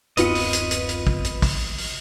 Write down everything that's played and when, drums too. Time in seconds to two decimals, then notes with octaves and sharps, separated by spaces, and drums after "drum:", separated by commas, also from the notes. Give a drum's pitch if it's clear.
0.17 D1 F#2 B3 C4 F4 B4 D#5 C#7, drum: hi-hat
0.35 drum: open hi-hat
0.53 drum: hi-hat
0.71 drum: hi-hat
0.89 drum: hi-hat
1.07 drum: kick
1.24 drum: hi-hat
1.42 drum: kick, open hi-hat
1.78 drum: open hi-hat